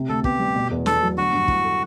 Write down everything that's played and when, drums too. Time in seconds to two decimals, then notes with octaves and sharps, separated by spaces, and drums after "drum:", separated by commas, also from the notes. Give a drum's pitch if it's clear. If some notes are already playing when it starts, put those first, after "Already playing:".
Already playing: C3
0.09 D2 A4
0.24 B3 G4, drum: kick
0.40 G3
0.55 B2
0.71 E2
0.86 B3 A4, drum: snare
1.02 F#3
1.17 D3 F#4
1.33 G2
1.48 E4, drum: kick
1.64 A3